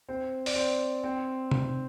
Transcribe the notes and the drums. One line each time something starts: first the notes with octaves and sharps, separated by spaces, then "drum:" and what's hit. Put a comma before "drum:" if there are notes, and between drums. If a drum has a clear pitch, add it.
C4 C5
D5, drum: open hi-hat
C4 C5
C4 C5
drum: tom C3